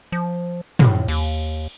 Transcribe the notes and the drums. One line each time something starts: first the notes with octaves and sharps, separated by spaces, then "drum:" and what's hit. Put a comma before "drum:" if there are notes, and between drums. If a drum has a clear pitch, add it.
F3
A2, drum: tom
D#2, drum: cymbal